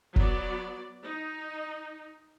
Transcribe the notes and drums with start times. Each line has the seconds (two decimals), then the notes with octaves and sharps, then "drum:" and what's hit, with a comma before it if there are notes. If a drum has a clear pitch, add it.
0.16 F#3 B3 D5, drum: kick
1.03 D#4